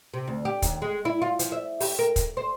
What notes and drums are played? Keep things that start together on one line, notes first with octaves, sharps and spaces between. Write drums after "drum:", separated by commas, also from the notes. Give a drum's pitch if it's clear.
C3
D2
G4
D#2, drum: kick, hi-hat
G#3
E4
F4
F3, drum: hi-hat
E5
G4, drum: open hi-hat
A#4
drum: kick, hi-hat
C5